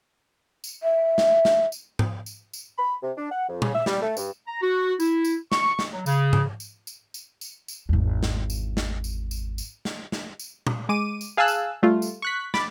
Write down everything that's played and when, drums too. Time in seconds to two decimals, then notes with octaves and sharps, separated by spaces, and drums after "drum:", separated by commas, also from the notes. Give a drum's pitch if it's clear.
0.64 drum: tambourine
0.83 E5
1.18 drum: snare
1.45 drum: snare
1.72 drum: tambourine
1.99 drum: tom G#2
2.26 drum: tambourine
2.53 drum: tambourine
2.77 B5
3.02 C3
3.16 D4
3.30 F#5
3.48 F2
3.62 C#3, drum: tom
3.73 E5
3.86 G3, drum: snare
4.02 A3
4.17 G2, drum: tambourine
4.47 A#5
4.62 F#4
5.00 E4, drum: tambourine
5.24 drum: tambourine
5.52 C#6, drum: snare
5.79 drum: snare
5.93 F#3
6.06 C#3, drum: tambourine
6.33 drum: tom G#2
6.60 drum: tambourine
6.87 drum: tambourine
7.14 drum: tambourine
7.41 drum: tambourine
7.68 drum: tambourine
7.89 G#1 E2
8.23 drum: snare
8.50 drum: tambourine
8.77 drum: snare
9.04 drum: tambourine
9.31 drum: tambourine
9.58 drum: tambourine
9.85 drum: snare
10.12 drum: snare
10.39 drum: tambourine
10.67 drum: tom
10.89 G#3 D6 D#7
11.21 drum: tambourine
11.37 G#4 F5 G#5 A5 E6 F#6
11.48 drum: tambourine
11.83 G3 A3 F4
12.02 drum: tambourine
12.22 C#6 F#6 B6
12.54 B5 D6 A6, drum: snare